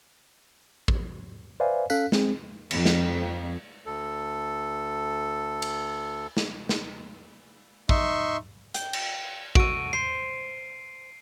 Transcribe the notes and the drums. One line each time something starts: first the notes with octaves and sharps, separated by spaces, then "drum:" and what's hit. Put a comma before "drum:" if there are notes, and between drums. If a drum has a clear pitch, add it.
drum: kick
B4 C5 D5 E5 F5 G#5
C#4 A4 F5 F#6 B6, drum: tambourine
G#3 C4 G#4, drum: snare
F2, drum: cymbal
drum: snare
D2 A4
drum: cymbal
drum: snare
drum: snare
D#4 E5 C6 C#6, drum: kick
G5, drum: hi-hat
drum: cymbal
F#4 A4 D7 D#7, drum: kick
C5 C7